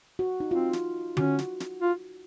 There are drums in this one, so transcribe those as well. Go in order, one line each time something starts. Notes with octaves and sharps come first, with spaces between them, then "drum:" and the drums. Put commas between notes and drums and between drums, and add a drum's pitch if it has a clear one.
F#4
D#4
C4 F4
drum: snare
C#4 F#4, drum: tom D3
drum: snare
drum: snare
F4